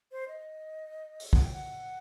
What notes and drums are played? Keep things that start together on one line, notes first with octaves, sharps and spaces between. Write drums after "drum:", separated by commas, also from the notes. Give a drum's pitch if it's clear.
C5
D#5
drum: open hi-hat
F#5, drum: kick
G5
F#5